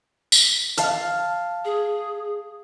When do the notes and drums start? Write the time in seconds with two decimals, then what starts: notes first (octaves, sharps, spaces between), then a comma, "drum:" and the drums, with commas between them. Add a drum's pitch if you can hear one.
0.32 drum: tambourine
0.78 F5 A5 F6, drum: hi-hat
1.65 G#4